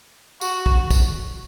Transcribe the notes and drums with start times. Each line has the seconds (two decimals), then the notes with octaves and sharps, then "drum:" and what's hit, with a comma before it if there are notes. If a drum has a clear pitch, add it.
0.41 F#4, drum: tambourine
0.66 drum: kick
0.90 drum: kick, tambourine